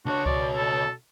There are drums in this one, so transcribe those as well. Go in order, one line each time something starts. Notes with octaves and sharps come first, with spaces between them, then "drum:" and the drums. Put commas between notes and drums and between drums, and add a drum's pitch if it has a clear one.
C#2 D4 F#4 C#5
B2 D5, drum: kick C#2
A4